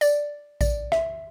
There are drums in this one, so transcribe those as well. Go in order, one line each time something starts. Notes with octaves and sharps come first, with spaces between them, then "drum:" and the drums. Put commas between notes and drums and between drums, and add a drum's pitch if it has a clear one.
D5, drum: tambourine
D5, drum: kick A1, tambourine
E5, drum: rim click